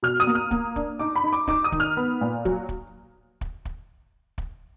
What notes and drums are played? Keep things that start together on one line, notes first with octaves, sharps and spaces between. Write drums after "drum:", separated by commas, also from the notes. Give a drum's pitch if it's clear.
B2 F6
D#6
A#3
F6
A#3, drum: kick
D4, drum: kick
D#4 D6
B5
D#4
D6
D#4 D6, drum: kick
D#6
D#3, drum: kick
F6
B3
A#2
F#3, drum: kick
drum: kick
drum: kick
drum: kick
drum: kick